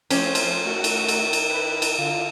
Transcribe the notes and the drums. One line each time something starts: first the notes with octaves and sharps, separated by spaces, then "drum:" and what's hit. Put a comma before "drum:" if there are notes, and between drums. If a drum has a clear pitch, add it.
F3 A3 C4 C#4 C5, drum: cymbal
drum: cymbal
D#3 A3 F#4
drum: cymbal
drum: cymbal
drum: cymbal
B4
drum: cymbal
D3 F4